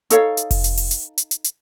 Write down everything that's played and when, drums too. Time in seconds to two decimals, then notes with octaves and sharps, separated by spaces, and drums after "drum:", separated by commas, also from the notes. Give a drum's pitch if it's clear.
0.10 D#4 A4 C#5 F5, drum: hi-hat
0.37 drum: hi-hat
0.51 drum: kick F1, open hi-hat
0.64 drum: hi-hat
0.77 drum: open hi-hat
0.91 drum: hi-hat
1.18 drum: hi-hat
1.31 drum: hi-hat
1.44 drum: hi-hat